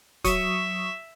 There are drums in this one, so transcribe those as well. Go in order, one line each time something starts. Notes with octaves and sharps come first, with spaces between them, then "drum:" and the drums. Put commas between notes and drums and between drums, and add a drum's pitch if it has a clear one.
F#3 E5 C#6 D#6, drum: kick C#1, hi-hat